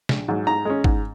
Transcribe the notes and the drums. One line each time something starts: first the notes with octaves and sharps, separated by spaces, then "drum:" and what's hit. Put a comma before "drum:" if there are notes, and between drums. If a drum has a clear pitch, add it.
A#1, drum: snare
G#2 F#3
G#2 A#5
G#3 C#4
G#2, drum: kick